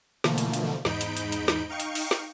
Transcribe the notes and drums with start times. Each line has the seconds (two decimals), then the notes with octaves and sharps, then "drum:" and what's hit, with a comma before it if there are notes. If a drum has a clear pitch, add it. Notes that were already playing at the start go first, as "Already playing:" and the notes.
0.24 B2 D3 E3 F3 A3 A#3, drum: snare
0.38 drum: hi-hat
0.54 drum: hi-hat
0.85 E2 G#2 D#4 B5 G6 D7, drum: snare
1.01 drum: hi-hat
1.17 drum: hi-hat
1.32 drum: hi-hat
1.48 drum: snare
1.69 D#4 F5 G5 C#6
1.80 drum: hi-hat
1.95 drum: open hi-hat
2.11 drum: snare